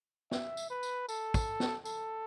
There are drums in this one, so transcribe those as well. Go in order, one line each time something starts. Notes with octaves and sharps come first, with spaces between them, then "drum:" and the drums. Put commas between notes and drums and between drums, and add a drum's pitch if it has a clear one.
E5, drum: snare
drum: tambourine
B4
drum: tambourine
A4, drum: tambourine
drum: kick, tambourine
drum: snare
A4, drum: tambourine